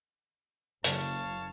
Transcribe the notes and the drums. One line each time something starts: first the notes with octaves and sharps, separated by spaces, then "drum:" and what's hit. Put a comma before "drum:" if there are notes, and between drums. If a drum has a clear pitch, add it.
F#1 C#5 F5 A5, drum: hi-hat